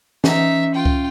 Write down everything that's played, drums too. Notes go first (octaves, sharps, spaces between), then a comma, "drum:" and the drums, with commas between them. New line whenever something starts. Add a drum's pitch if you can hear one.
E3 C#4 D#4 E5, drum: snare C#4
F4 G5
drum: kick C#2